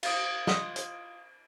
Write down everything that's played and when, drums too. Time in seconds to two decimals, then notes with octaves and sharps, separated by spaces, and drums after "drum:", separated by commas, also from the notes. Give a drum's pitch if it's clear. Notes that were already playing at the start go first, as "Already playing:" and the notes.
0.03 F5 D#6, drum: cymbal
0.47 F4 D#5 F#5, drum: snare
0.76 drum: hi-hat